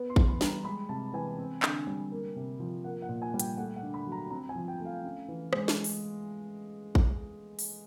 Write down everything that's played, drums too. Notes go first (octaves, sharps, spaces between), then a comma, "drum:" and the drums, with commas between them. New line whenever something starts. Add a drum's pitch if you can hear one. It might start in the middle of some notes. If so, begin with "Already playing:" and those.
Already playing: B3
C6
E3, drum: kick A1
B5
G3, drum: snare
A#5
G#3 B5
C3 A5
E3 G#5
C4
D3, drum: clap
G3
A#3
C3
F3
A#3 F#5
F#5
A#2
G#5
G3
G5, drum: hi-hat
A3 F#5
F#5
D3
B5
F#3
A#5
C4 A#5
G#5
F3
G5
A3
F5
C#4
E3
G#3, drum: rim click
drum: snare
drum: open hi-hat
drum: kick A1
drum: open hi-hat